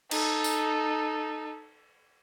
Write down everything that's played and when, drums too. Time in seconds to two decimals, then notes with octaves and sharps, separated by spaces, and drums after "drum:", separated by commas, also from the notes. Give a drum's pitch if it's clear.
0.11 D#4 A4, drum: cymbal
0.44 drum: tambourine